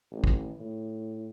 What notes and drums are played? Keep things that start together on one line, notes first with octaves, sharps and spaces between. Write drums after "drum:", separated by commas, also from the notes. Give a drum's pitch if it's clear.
A1
drum: kick
A2